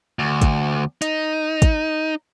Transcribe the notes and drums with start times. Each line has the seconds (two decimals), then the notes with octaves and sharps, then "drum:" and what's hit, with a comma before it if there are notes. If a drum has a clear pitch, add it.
0.19 D2
0.42 drum: kick, hi-hat
1.02 D#4, drum: hi-hat
1.62 drum: kick, hi-hat